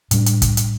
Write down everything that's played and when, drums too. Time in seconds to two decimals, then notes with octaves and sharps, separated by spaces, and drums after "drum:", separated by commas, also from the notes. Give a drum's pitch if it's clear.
0.11 A2 G3 D4, drum: hi-hat
0.26 drum: hi-hat
0.42 drum: kick, hi-hat
0.57 drum: hi-hat